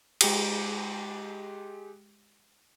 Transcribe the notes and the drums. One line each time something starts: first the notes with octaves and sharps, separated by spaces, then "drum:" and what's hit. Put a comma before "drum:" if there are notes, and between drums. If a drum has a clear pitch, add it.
G#3 G4, drum: cymbal